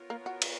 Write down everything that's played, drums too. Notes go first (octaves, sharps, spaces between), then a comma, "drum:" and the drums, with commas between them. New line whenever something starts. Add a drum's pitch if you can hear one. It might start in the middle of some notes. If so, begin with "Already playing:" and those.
Already playing: B3 F4 A#4 C#5
A#3
F#4
drum: cymbal